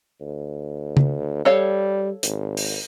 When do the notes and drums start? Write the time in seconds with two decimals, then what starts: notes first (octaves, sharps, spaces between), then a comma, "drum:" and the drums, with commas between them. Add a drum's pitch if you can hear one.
0.21 D2
0.97 drum: tom C#3
1.45 G3 A4 C#5 F5
2.23 G#1, drum: hi-hat
2.57 drum: open hi-hat